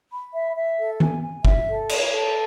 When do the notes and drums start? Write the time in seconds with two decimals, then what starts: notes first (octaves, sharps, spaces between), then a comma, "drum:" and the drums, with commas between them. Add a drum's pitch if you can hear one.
0.12 B5
0.34 E5
0.56 E5
0.78 A4
1.00 G#5, drum: tom D#3
1.22 G#5
1.45 E5, drum: kick
1.67 A4
1.89 C#5, drum: cymbal
2.11 A4